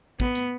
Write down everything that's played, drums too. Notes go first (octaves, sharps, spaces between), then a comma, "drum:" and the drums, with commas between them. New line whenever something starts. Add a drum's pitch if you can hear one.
B3, drum: kick
drum: hi-hat